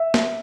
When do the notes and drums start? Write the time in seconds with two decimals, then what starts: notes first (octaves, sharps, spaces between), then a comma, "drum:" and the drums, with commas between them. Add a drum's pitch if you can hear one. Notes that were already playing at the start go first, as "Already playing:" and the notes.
Already playing: E5
0.14 drum: snare